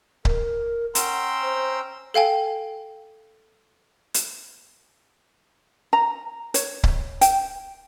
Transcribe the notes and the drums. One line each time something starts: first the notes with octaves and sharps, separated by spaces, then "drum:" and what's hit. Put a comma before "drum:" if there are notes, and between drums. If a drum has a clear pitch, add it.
A#4, drum: kick C#1
C#4 F#5 G5 A#5 C6 E6, drum: hi-hat
C5
A4 F5 G5 G#5
drum: hi-hat
A#5
C#5, drum: hi-hat
drum: kick C#1
G5, drum: hi-hat